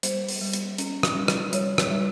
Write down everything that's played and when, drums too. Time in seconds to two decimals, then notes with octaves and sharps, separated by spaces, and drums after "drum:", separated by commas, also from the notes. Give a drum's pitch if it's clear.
0.03 G3 C5, drum: hi-hat
0.29 drum: open hi-hat
0.41 G3
0.53 drum: hi-hat
0.78 C#4, drum: hi-hat
1.03 drum: rim click
1.15 G3
1.28 drum: rim click
1.53 G3 C#5, drum: hi-hat
1.78 drum: rim click
1.90 G3